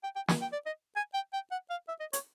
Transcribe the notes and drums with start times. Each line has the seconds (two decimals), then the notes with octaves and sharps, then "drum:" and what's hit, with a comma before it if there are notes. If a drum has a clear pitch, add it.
0.03 G5
0.16 G5
0.28 G#5, drum: snare
0.41 G5
0.52 D5
0.66 D#5
0.96 G#5
1.14 G5
1.33 G5
1.51 F#5
1.70 F5
1.88 E5
2.00 D#5
2.13 C#5, drum: hi-hat